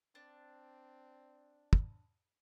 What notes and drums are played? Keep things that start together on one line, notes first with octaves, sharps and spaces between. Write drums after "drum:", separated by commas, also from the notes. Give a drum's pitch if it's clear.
C4 D4
drum: kick